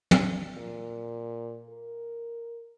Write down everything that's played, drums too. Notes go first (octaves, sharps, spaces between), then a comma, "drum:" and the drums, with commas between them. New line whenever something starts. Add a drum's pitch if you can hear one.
drum: tom
A#2
A#4